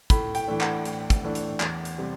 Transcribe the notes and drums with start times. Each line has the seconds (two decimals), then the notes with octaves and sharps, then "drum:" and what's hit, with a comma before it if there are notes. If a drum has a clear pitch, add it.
0.10 A2 B5, drum: kick, hi-hat
0.35 G5, drum: hi-hat
0.48 E3 A3 D4
0.61 F#5, drum: clap
0.85 A2, drum: hi-hat
1.10 drum: kick, hi-hat
1.23 E3 A3 D4
1.35 drum: hi-hat
1.60 E2, drum: clap
1.85 drum: hi-hat
1.98 C3 G3 C4